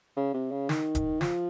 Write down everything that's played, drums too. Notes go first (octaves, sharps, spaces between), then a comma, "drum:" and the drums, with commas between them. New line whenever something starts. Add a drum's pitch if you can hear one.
C#3
C3
C#3
D#3, drum: snare
drum: kick, hi-hat
F3, drum: snare